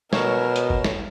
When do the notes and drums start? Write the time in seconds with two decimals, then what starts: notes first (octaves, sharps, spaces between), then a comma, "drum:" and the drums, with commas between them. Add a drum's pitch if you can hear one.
0.13 B2 A#4 C#5 E7, drum: snare
0.56 drum: hi-hat
0.70 drum: kick
0.84 drum: snare